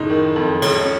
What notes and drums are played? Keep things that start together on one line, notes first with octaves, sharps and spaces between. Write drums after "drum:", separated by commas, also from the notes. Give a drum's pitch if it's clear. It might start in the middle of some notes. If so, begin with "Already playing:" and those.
Already playing: F#1 A2 D#4
D#3
F2
C#2 C#4, drum: cymbal
C#4